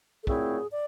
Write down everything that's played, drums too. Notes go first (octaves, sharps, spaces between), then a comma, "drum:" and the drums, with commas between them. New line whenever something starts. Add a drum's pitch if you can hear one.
A4
A#2 F#3 A3 C4 E4 G#4, drum: kick
D5